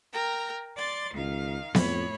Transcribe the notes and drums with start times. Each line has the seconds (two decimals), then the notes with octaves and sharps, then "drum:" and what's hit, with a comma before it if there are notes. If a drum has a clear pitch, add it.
0.14 A#4 G5 A#5
0.76 D5 C6 A6
1.15 C#2 D#3 F5
1.75 F2 A2 C#5 B5, drum: snare B3